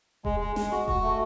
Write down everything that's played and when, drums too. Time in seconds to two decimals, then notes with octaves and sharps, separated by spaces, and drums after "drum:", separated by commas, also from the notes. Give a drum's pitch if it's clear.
0.25 G#3, drum: kick D#1
0.40 G#3
0.56 G#3, drum: snare
0.72 F#4
0.88 F#4, drum: kick D#1
1.03 A3